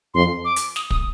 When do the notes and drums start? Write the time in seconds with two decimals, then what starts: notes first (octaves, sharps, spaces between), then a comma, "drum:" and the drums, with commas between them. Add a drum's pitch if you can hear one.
0.14 F2 C6
0.45 D6
0.56 drum: hi-hat
0.76 D#6, drum: snare
0.90 D#6, drum: kick